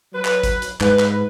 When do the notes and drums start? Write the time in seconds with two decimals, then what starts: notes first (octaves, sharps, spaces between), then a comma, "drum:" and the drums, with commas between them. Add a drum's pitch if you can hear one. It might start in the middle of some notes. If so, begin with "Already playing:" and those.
0.14 F#3 B4
0.25 drum: clap
0.43 drum: kick A1, hi-hat
0.62 drum: hi-hat
0.81 G#2 B4, drum: clap
0.99 drum: clap